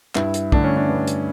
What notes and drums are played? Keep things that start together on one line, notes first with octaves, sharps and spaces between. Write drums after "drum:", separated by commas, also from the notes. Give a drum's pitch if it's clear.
G2 E4, drum: clap
drum: hi-hat
D3 A3 D4, drum: kick
C#4
D4
G2
drum: hi-hat